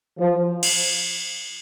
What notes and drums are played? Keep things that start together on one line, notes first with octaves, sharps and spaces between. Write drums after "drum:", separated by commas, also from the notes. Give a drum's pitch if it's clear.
F3
drum: cymbal